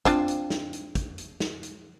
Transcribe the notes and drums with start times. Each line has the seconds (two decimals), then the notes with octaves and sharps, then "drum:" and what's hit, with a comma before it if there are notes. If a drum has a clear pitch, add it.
0.05 C4 D4 F4, drum: kick, hi-hat
0.28 drum: hi-hat
0.50 drum: snare
0.73 drum: hi-hat
0.95 drum: kick, hi-hat
1.18 drum: hi-hat
1.40 drum: snare
1.63 drum: hi-hat